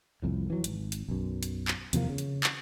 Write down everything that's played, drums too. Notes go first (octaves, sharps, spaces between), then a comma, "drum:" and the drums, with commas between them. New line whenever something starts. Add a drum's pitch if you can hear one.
C2 F2 A2
E3 F#3
G#1, drum: hi-hat
drum: hi-hat
B1 F#2
drum: hi-hat
drum: clap
E2 C3 F3 A#3, drum: hi-hat
C#3
drum: hi-hat
drum: clap